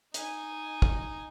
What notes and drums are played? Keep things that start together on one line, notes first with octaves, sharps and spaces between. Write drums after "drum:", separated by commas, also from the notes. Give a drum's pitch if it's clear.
D#4 G#5, drum: hi-hat
drum: kick